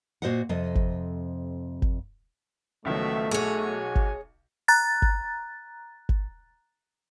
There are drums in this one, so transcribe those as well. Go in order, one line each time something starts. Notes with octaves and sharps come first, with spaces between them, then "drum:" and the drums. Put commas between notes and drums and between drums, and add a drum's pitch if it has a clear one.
A#2 F#4 C5 D#5 F5 F#5
F2 C3 A4 D#5
drum: kick G#1
drum: kick G#1
C#2 B2 D#3 F3 F#3 A3 E5
B1 F#4 G#4 C#5 G#5
drum: kick G#1
A#5 F#6 A6
drum: kick G#1
drum: kick G#1